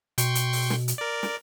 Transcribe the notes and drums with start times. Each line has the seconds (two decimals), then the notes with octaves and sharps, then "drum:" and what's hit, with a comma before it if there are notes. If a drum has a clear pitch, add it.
0.18 B2 G5 C6 C#6, drum: hi-hat
0.35 drum: hi-hat
0.53 drum: open hi-hat
0.70 drum: snare
0.88 drum: hi-hat
0.98 A#4 D5
1.23 drum: snare